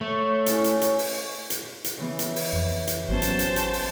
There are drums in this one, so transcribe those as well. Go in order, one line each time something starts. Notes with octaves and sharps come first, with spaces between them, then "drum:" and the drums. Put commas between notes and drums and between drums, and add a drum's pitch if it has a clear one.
A3 C#5
A2 C#4, drum: hi-hat
drum: hi-hat
drum: hi-hat
drum: open hi-hat
drum: hi-hat
drum: hi-hat
C#3 E3 B3
drum: hi-hat
drum: open hi-hat
F2
drum: hi-hat
G#1 F#3 B3 C#4 C5 A5
drum: hi-hat
drum: hi-hat
drum: hi-hat
drum: open hi-hat